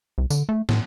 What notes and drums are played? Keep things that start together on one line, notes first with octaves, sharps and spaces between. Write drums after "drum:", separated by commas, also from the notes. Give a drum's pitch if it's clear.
C2
D3, drum: tambourine
A3
A2, drum: snare